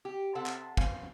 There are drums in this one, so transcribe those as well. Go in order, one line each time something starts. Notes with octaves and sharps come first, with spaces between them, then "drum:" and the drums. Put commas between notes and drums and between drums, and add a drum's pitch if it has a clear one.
G4
C3 C4 A4 F#5
drum: clap
F5 G#5, drum: kick